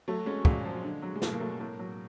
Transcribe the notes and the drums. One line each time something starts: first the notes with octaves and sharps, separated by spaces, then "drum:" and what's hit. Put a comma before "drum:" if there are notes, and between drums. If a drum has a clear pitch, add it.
F#3 A3
G#3 C#4
A#2 G#3, drum: kick
F3
D3
F#3
G#3
B2 A3, drum: snare
A#3
F#3 A3
A2 A#3
F#3